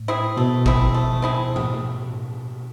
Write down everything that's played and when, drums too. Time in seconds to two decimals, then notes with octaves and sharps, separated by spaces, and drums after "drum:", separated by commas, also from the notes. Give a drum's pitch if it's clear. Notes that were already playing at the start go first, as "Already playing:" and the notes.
Already playing: A2
0.08 C4 E4 G#4
0.37 B2 A3
0.66 C4 E4 G#4, drum: kick
0.94 A3
1.22 C4 E4 G#4
1.56 drum: tom G#2